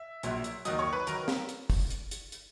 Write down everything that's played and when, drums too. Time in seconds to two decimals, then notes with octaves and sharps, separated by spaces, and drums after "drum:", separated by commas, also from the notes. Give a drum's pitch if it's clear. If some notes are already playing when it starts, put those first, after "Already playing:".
Already playing: E5 E6
0.23 A#1 A#2 F#3, drum: hi-hat
0.44 drum: hi-hat
0.65 D#2 D#3 F#3 D#5 D#6, drum: hi-hat
0.79 C#5 C#6
0.93 B4 B5
1.07 D#3 F#3 A#4 A#5, drum: hi-hat
1.28 drum: snare
1.49 drum: hi-hat
1.70 drum: kick, open hi-hat
1.90 drum: hi-hat
2.11 drum: hi-hat
2.32 drum: hi-hat